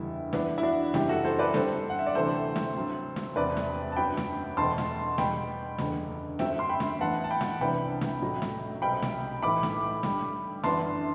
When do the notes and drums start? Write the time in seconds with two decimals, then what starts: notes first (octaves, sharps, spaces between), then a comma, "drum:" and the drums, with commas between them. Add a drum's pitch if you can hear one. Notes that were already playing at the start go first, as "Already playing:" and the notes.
Already playing: F#1 E2 D3 G3 E4
0.33 G2 E3 B3 D4 E4, drum: snare
0.58 E4
0.63 D4 F#4
0.94 F#1 F#2 E3 G3 C4 E4 G4, drum: snare
1.09 F#4 A4
1.25 A4 C5
1.39 B4 D5
1.54 F#2 D3 G3 C4 A4 C5, drum: snare
1.90 F#5
1.99 E5
2.07 D5
2.15 D2 C3 E3 A3 A4 C5
2.56 drum: snare
2.76 G2 F#3 C4
3.16 drum: snare
3.36 E1 E2 C3 B4 D5
3.57 drum: snare
3.92 A5
3.96 F#2 F#3 B3 D4 G5 B5
4.17 drum: snare
4.57 E2 B2 A3 C4 A5 C6
4.78 drum: snare
5.18 E2 B2 G3 G5 B5, drum: snare
5.78 F#1 E2 D3, drum: snare
6.39 F#2 D3 F#3 C4 E5 G5, drum: snare
6.59 C6
6.69 G5 B5
6.80 drum: snare
7.01 A1 G2 E3 B3 F#5 A5
7.24 A5
7.31 G5 B5
7.41 drum: snare
7.61 C2 C3 E3 B3 D4 G5 B5
8.01 drum: snare
8.21 A1 A2 F#3
8.42 drum: snare
8.82 C2 B2 F#3 C4 G5 B5
9.02 drum: snare
9.42 B1 A2 E3 B5 D6
9.63 drum: snare
10.03 G2 D3 G3, drum: snare
10.64 G1 F#2 E3 B3 D4 A5 C6, drum: snare